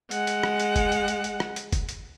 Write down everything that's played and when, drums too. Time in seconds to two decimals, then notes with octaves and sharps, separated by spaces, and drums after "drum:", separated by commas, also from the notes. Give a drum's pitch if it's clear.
0.11 G#3 F#5, drum: hi-hat
0.27 drum: hi-hat
0.43 drum: rim click
0.60 drum: hi-hat
0.76 drum: kick, hi-hat
0.92 drum: hi-hat
1.08 drum: hi-hat
1.24 drum: hi-hat
1.40 drum: rim click
1.56 drum: hi-hat
1.72 drum: kick, hi-hat
1.89 drum: hi-hat